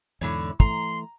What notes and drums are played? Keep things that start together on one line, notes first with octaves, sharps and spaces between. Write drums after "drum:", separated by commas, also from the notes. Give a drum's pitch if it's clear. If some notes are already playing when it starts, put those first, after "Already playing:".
E2 G#2 D3 E4 C#5
E3 A3 A#5 C6, drum: kick